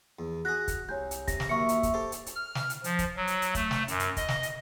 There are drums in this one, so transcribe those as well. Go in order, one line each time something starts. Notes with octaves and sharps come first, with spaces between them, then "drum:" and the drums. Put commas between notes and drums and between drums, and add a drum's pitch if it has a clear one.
E2
F#4 G#4 F#6 A#6
drum: kick, hi-hat
C2 C#5 G#5 G6
drum: hi-hat
C3 A#6, drum: kick, hi-hat
drum: snare
D#2 F#3 A#4 E5 C#6 C#7
drum: hi-hat
drum: kick, hi-hat
G4 A4 C5
drum: hi-hat
drum: hi-hat
F6
drum: snare
drum: hi-hat
F3, drum: hi-hat
drum: kick, hi-hat
F#3
drum: hi-hat
drum: hi-hat
A3, drum: kick, hi-hat
drum: snare
F#2, drum: hi-hat
drum: hi-hat
D#5, drum: kick, hi-hat
drum: snare
drum: hi-hat